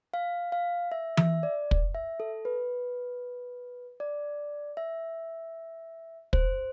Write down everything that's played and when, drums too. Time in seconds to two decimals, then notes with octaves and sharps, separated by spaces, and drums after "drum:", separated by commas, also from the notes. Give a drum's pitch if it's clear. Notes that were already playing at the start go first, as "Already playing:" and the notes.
0.14 F5
0.52 F5
0.92 E5
1.17 E5, drum: tom E3
1.43 D5
1.71 drum: kick
1.95 E5
2.20 A4
2.45 B4
4.00 D5
4.77 E5
6.33 C5, drum: kick